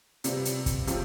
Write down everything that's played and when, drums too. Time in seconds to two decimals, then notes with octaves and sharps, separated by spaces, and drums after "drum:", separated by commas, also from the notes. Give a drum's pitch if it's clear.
0.24 C3 G3 C4 F4 B4 D5, drum: hi-hat
0.45 drum: hi-hat
0.66 drum: kick, hi-hat
0.87 A2 C3 F3 C4 F4, drum: hi-hat